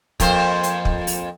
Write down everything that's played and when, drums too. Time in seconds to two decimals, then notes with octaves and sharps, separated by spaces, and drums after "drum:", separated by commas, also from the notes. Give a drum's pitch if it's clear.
0.20 F2 A#3 C5, drum: kick, hi-hat
0.63 drum: hi-hat
0.85 drum: kick
1.07 drum: open hi-hat